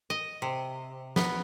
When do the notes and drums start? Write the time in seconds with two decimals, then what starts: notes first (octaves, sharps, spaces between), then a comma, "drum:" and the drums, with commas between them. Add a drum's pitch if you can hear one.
0.10 D#5
0.42 C3
1.16 B3, drum: snare